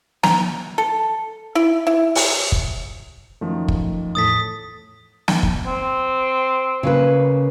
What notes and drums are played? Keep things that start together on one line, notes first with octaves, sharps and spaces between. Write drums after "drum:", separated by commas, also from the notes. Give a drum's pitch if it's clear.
A#5, drum: snare
A4
E4
E4
drum: open hi-hat
drum: kick
F#2 D#3 F3 A3
drum: kick
E2 A2 A4 D#6 A6 B6
drum: snare
drum: kick
C4
C#3 A#3 B4